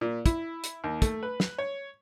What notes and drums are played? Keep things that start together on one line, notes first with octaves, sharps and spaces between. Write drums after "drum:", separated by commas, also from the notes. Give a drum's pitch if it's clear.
A#2
E4, drum: kick, hi-hat
drum: hi-hat
D#2
A3, drum: kick, hi-hat
B4
drum: snare
C#5